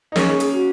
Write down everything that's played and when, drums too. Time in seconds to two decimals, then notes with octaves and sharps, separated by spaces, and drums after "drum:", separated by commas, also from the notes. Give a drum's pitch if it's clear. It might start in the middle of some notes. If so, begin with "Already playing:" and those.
0.12 D#4
0.16 A#3 C#4 G#4, drum: snare
0.28 G#4
0.40 G#4, drum: hi-hat
0.52 F#4